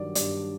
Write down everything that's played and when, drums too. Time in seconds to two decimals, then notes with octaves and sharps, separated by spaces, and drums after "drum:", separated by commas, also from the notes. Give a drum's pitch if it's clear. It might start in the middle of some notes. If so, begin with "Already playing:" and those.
Already playing: G2 D#3 F#3 D5
0.15 G2 D5, drum: hi-hat